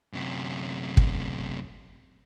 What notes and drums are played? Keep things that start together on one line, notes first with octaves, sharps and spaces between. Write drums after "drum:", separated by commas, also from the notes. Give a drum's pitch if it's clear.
F#2 C3
drum: kick